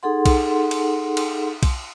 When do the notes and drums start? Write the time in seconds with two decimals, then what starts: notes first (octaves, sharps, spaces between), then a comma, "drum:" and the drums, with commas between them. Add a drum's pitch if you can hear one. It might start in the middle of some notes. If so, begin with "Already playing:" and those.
0.03 D#4 G#4 A4 F#5 C6
0.26 drum: kick B1, cymbal
0.71 drum: cymbal
1.17 drum: cymbal
1.63 drum: kick B1, cymbal